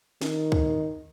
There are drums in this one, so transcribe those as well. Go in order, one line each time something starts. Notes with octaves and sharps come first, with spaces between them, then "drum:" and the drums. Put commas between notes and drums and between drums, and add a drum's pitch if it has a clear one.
D#3, drum: snare
drum: kick C#2